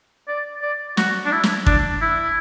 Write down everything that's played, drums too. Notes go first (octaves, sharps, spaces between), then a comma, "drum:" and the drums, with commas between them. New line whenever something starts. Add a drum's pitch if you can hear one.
D5
D5
F#4, drum: snare
D4
E4
drum: snare
D4, drum: kick
E4